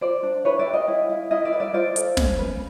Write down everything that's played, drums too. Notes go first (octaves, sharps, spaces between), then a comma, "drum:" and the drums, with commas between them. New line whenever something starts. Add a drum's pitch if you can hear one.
F4 C5 D5
D4
E4 B4 C#5
D5 E5
G4
D#5 F5
E4
E4
E4 D#5 F5
D5 E5
B4
D5 E5
F4 C5 D5
A4, drum: hi-hat
C#4, drum: snare
B4